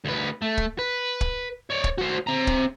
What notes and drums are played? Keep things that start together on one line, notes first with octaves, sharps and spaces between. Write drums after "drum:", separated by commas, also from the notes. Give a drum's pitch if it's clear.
D2 B4
A3
drum: kick
B4
drum: kick
C#5 D5
drum: kick
F#4 C5
C4 A#5
drum: kick